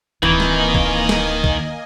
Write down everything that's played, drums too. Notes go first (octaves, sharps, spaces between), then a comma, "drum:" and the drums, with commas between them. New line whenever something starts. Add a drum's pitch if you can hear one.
D1 D#3 E3 A#3 C4 D#5 G#5
drum: snare
drum: kick
drum: snare
drum: kick